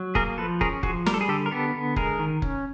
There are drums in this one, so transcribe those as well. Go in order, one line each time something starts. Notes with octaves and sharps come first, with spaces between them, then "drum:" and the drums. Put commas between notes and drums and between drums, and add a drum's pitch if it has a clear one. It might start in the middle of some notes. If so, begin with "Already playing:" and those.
Already playing: F#3
A#3 G#4 A#4, drum: kick
F3 A4 B4
C#4 G#4 A#4, drum: kick
F3 F#4 G#4, drum: kick
G3 A#4, drum: snare
A4
G#4
D3 G4 A4
A#4
B3 G4 A4
D3
G#3 G#4 A#4, drum: kick
D#3
C#4, drum: kick